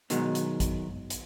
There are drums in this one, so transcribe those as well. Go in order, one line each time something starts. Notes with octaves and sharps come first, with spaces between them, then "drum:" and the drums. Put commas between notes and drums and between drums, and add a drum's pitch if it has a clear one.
B2 D#3 F#3 G#3, drum: hi-hat
drum: hi-hat
drum: kick A1, hi-hat
drum: hi-hat